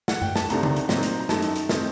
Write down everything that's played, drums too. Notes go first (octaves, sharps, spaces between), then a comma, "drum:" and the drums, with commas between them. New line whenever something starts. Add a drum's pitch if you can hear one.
F#5, drum: snare
G5, drum: tom F#2
A5, drum: snare
C2 C3 D#3 A3 D4 A#5, drum: hi-hat
drum: tom C#3
drum: hi-hat
A#2 F#3 C4 D#4, drum: snare
drum: hi-hat
A#5
F#2 D#3 A3 D#4 A5, drum: snare
drum: hi-hat
drum: hi-hat
D#3 A3 C4 D#4, drum: snare